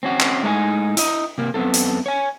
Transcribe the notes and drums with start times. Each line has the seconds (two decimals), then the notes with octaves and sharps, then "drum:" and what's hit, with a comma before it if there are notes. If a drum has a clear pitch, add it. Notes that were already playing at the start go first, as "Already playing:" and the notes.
0.03 C4 C#4 F#4
0.20 drum: clap
0.43 A2 G#3 D4 D#4 G#5
0.97 E4 D#5, drum: hi-hat
1.38 C3 A#3
1.54 F#2 B3 C4 F4 A4
1.74 drum: hi-hat
2.06 C#5 G#5